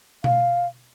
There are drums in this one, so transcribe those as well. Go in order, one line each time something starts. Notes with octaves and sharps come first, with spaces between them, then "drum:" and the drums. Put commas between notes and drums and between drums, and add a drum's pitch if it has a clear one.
F5, drum: tom B2